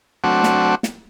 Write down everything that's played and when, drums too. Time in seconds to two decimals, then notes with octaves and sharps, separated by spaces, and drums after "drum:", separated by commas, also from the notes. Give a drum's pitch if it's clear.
0.24 F#3 A3 C4 D4 F#4
0.44 drum: snare
0.83 drum: snare